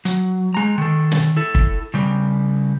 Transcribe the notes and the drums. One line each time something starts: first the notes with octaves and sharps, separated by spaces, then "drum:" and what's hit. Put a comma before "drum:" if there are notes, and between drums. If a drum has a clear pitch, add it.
F#3, drum: hi-hat
G#3 A#5
D#3 A4
drum: snare
E4 A4
drum: kick
C#3 G3